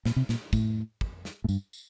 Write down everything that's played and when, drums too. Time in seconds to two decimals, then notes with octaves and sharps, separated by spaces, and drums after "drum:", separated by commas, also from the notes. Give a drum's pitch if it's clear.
0.05 A#2, drum: snare
0.16 C3
0.29 A#2, drum: snare
0.53 A2, drum: kick, tambourine
1.01 drum: kick
1.25 drum: snare
1.44 A2
1.49 G2, drum: tambourine
1.73 drum: tambourine